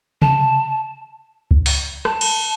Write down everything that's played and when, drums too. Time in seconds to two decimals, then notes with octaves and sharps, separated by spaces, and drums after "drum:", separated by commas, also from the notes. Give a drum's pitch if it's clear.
0.22 A5, drum: tom C3
1.51 drum: kick C#2
1.66 drum: open hi-hat
2.05 A5, drum: rim click
2.21 drum: cymbal